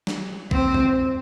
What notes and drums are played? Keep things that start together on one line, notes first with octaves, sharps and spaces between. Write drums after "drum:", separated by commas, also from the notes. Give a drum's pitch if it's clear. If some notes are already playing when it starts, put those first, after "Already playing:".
drum: snare
C4, drum: kick B1
drum: tom